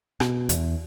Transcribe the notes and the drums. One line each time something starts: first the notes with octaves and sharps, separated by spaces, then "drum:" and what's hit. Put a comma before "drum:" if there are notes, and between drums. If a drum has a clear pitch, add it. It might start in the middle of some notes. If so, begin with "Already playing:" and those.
B2, drum: rim click
E2, drum: hi-hat